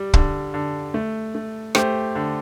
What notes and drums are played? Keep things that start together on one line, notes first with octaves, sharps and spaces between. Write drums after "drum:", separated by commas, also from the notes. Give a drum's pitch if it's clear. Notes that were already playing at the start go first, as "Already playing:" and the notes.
Already playing: G3
D3, drum: kick
D3
A3
A3
A3 G4 C5, drum: rim click
D3